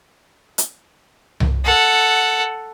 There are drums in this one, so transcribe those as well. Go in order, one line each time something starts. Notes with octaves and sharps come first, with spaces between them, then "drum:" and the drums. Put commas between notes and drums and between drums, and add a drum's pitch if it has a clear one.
drum: hi-hat
drum: tom C2
A4 F#5